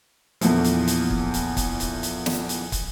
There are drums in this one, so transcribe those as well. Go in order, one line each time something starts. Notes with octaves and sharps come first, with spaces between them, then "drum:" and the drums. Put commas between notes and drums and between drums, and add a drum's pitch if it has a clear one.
E2 A#2 D3 E3 F3, drum: hi-hat
drum: hi-hat
drum: hi-hat
drum: kick
drum: hi-hat
drum: kick, hi-hat
drum: hi-hat
drum: hi-hat
drum: snare
drum: hi-hat
drum: kick, hi-hat